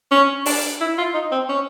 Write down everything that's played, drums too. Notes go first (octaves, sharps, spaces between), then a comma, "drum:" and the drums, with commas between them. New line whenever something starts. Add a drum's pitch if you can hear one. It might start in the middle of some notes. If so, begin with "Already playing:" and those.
C#4
D4, drum: open hi-hat
E4
F4
D#4
C4
C#4